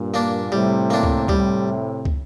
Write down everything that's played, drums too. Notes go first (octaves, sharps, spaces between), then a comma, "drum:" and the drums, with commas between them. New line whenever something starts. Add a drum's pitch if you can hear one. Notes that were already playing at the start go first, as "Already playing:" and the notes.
Already playing: G2 A#2
A#3 D4
A2 C3 G3
A#3 D4
drum: kick
A2 C3 G3, drum: kick
drum: kick